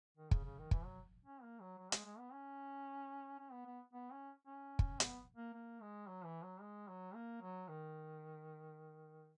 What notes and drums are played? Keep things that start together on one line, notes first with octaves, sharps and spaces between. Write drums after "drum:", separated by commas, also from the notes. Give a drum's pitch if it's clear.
D#3
C#3, drum: kick
C#3
D#3
E3, drum: kick
F#3
C#4
A#3
F#3
F#3
G#3, drum: hi-hat
G#3
B3
C#4
C#4
B3
B3
B3
C#4
C#4
drum: kick
B3, drum: hi-hat
A#3
A#3
G#3
F#3
E3
F#3
G#3
F#3
A#3
F#3
D#3